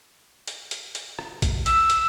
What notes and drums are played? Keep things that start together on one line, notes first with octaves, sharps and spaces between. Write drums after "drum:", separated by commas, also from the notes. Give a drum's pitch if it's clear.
drum: hi-hat
drum: hi-hat
drum: hi-hat
drum: rim click
drum: kick A#1, hi-hat
E6, drum: hi-hat
drum: hi-hat